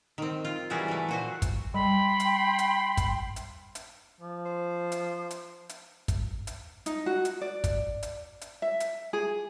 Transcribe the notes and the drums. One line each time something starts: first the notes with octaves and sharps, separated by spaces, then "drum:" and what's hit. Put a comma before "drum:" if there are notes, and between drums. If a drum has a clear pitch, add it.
D#3 C4
F4
E3 G3 C4 F#4 G#4 A#4
E3 A3
A#2 F#4 C5
drum: kick, hi-hat
G3 G5 B5 C6
drum: hi-hat
drum: hi-hat
drum: kick, hi-hat
drum: hi-hat
drum: hi-hat
F3
C5
drum: hi-hat
drum: hi-hat
drum: hi-hat
drum: kick, hi-hat
drum: hi-hat
D#4, drum: hi-hat
F#4
drum: hi-hat
D5
drum: kick, hi-hat
drum: hi-hat
drum: hi-hat
E5
drum: hi-hat
G#4